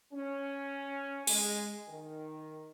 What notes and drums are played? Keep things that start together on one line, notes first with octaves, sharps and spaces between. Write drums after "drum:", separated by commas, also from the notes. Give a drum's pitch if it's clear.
C#4
G#3, drum: open hi-hat
D#3